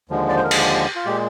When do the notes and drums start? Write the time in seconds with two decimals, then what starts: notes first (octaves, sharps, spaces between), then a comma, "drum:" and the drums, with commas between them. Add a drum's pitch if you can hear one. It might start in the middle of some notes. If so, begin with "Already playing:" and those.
0.09 D#2 D3 F3 G#3
0.29 D5
0.36 C5
0.44 A#4
0.51 G#4, drum: cymbal
0.57 G4
0.95 F4
1.05 A#2 G#3 G4